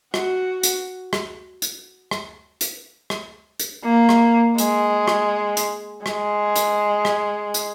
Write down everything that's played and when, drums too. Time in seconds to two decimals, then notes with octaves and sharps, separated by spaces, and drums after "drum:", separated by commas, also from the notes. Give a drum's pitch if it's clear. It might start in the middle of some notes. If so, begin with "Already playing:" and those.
0.14 F#4, drum: rim click
0.63 drum: hi-hat
1.13 drum: rim click
1.62 drum: hi-hat
2.11 drum: rim click
2.61 drum: hi-hat
3.10 drum: rim click
3.59 drum: hi-hat
3.84 A#3
4.09 drum: rim click
4.58 G#3, drum: hi-hat
5.08 drum: rim click
5.57 drum: hi-hat
6.06 G#3, drum: rim click
6.56 drum: hi-hat
7.05 drum: rim click
7.54 drum: hi-hat